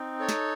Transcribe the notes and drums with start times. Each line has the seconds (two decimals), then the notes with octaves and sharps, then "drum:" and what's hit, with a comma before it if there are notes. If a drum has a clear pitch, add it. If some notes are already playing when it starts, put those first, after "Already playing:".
Already playing: C4 D#4
0.19 A4 C#5
0.29 drum: snare